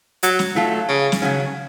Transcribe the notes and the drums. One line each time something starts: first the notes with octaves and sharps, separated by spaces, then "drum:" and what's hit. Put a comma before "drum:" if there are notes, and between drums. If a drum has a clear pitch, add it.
F#3, drum: hi-hat
drum: snare
F#3 A3 F4 A4
C#3
drum: snare
C#3 F#3 C#4